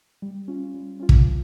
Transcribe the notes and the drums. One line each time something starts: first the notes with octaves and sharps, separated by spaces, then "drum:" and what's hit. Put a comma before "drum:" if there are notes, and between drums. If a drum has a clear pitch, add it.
G3
C#4 F4
G3
C#4 F4
drum: kick
E3